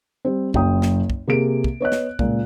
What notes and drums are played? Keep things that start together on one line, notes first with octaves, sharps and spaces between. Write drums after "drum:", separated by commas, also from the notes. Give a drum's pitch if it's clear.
G3 C4
F#1 F#2 G5 D#6, drum: kick
drum: snare
drum: kick
C3 A#3 G#4 D7
drum: kick
B3 C#5 D#5 F#6
drum: snare
C#2 A#2, drum: kick